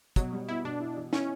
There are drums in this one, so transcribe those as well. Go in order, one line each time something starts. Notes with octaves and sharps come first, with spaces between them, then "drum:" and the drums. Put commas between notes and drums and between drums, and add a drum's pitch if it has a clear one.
B2 F#3, drum: kick, hi-hat
G3
B3 E4
B2 D4
E4
E3
C#4 E4, drum: snare